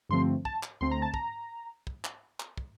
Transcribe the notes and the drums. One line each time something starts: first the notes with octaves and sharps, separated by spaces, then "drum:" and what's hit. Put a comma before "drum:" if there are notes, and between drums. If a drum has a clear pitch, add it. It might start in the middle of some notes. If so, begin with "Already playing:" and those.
G2 D3 F3 A3 C4 C6
A5, drum: kick
drum: clap
D2 D3 A3 C4 C6
A#5
A5
A#5, drum: kick
drum: kick
drum: clap
drum: clap
drum: kick